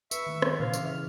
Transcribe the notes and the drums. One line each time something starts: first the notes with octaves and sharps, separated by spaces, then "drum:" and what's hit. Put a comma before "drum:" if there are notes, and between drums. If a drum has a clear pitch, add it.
B4 E5 C#6, drum: tambourine
D#3 A3
drum: rim click
A#2 C#3 E3 D5 F5
drum: tambourine
E5 F6